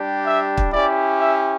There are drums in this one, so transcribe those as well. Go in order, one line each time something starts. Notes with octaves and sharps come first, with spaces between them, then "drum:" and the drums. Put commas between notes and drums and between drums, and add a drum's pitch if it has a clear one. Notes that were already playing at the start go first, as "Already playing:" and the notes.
Already playing: G3 D4 G4
E5
drum: kick
C#4 E4 G4 D5
E5